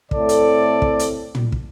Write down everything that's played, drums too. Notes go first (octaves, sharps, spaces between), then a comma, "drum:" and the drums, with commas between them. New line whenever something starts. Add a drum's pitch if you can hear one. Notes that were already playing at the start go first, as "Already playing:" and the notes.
A2 A3 C4 A4 D5, drum: kick
drum: hi-hat
drum: kick
drum: hi-hat
drum: tom
drum: kick